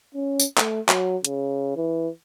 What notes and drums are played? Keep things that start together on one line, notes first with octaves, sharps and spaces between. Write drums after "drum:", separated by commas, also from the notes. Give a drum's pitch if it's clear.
C#4
drum: tambourine
A3, drum: clap
F#3, drum: clap
C#3, drum: hi-hat
E3